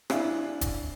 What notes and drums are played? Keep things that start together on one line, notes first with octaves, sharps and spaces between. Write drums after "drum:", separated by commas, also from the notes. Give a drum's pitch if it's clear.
D4 E4 F5 G#5, drum: rim click
drum: kick E1, hi-hat